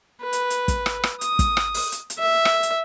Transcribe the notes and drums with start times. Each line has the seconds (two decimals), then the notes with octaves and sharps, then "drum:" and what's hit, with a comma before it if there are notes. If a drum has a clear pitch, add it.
0.23 B4
0.33 drum: hi-hat
0.50 drum: hi-hat
0.68 drum: kick, hi-hat
0.86 drum: rim click
1.03 drum: rim click
1.21 D#6, drum: hi-hat
1.39 drum: kick, hi-hat
1.57 drum: rim click
1.74 drum: open hi-hat
1.92 drum: hi-hat
2.10 drum: hi-hat
2.19 E5
2.45 drum: rim click
2.63 drum: hi-hat